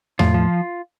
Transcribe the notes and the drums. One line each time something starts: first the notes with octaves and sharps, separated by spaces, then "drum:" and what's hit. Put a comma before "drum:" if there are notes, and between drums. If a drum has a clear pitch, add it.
A2 F3 F4, drum: tom E2
F3